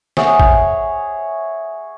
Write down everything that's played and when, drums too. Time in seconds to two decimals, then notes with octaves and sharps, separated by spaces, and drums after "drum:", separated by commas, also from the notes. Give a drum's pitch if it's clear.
0.17 G#4 C#5 E5 F#5, drum: snare
0.40 drum: kick